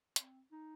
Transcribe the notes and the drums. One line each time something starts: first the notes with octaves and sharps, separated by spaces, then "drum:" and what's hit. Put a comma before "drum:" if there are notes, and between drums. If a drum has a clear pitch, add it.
C4, drum: hi-hat
D#4